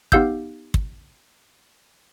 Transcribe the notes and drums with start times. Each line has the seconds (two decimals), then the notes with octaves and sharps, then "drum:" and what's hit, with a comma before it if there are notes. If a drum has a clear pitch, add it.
0.12 B3 D#4 G4 F5 E6 G6, drum: kick
0.74 drum: kick